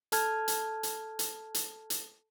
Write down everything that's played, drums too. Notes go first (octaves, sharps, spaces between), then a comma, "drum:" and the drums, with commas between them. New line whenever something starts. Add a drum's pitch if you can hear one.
A4 A5 F6 G#6, drum: hi-hat
drum: hi-hat
drum: hi-hat
drum: hi-hat
drum: hi-hat
drum: hi-hat